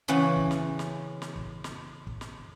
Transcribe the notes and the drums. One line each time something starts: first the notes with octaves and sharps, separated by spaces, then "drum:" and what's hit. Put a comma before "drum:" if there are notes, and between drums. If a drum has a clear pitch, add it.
C#3 E3 C#4 F#5 A5
drum: kick
drum: snare
drum: snare
drum: snare
drum: kick
drum: snare
drum: kick
drum: snare